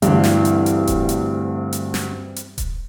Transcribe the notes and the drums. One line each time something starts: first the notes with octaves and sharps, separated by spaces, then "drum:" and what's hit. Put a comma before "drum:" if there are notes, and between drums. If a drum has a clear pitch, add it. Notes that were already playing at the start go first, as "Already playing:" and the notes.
D2 G2 E3 G3 C4, drum: hi-hat
drum: snare
drum: hi-hat
drum: hi-hat
drum: kick D#1, hi-hat
drum: hi-hat
drum: hi-hat
drum: snare
drum: hi-hat
drum: kick D#1, hi-hat